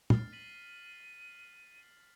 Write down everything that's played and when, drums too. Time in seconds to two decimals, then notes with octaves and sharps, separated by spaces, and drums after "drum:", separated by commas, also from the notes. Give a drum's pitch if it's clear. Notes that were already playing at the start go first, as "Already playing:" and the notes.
0.10 F6 A6 C7, drum: tom
0.32 B6 D#7 F#7